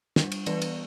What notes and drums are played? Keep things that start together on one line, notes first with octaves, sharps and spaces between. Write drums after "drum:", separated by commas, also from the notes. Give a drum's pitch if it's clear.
G3 D4, drum: snare
drum: cymbal
E3 G3 B3 D4 B4 D5, drum: cymbal
drum: cymbal